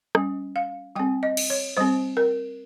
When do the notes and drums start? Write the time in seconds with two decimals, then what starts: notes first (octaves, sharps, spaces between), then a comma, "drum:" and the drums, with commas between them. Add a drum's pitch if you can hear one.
0.15 G3 C#4, drum: rim click
0.56 F5
0.96 G3 C4 G5
1.23 D#5
1.37 drum: cymbal
1.50 C#5
1.77 G3 C4 C5
2.17 A#4